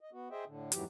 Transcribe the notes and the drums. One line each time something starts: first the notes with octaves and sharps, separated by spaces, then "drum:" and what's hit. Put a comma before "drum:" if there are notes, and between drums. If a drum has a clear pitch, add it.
D#5
B3 F#4
G#4 C5 D#5 E5 G5
A2 D3
F2 G#2 E3 F#3 G4, drum: hi-hat